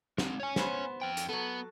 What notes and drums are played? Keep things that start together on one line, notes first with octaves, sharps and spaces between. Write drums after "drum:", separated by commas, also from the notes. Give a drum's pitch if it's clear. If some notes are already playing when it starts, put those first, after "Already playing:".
G#3 C4, drum: snare
C#5 G#5
B3 C5, drum: snare
F2 G5
drum: hi-hat
F#3 B3 A4